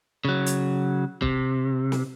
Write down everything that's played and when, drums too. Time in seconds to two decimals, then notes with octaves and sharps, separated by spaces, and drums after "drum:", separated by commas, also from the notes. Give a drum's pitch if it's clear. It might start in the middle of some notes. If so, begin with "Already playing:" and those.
0.25 C#3 F#3
0.46 drum: hi-hat
1.22 C3, drum: kick
1.92 drum: snare